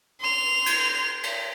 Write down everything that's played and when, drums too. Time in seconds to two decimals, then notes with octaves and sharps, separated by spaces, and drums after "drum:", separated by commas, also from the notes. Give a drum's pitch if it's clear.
0.21 C6 F7
0.66 drum: cymbal
1.23 drum: cymbal